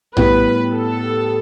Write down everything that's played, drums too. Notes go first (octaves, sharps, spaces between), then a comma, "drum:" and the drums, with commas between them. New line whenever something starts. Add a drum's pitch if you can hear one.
A2 G3 B3 E4 B4, drum: tom A#1
A4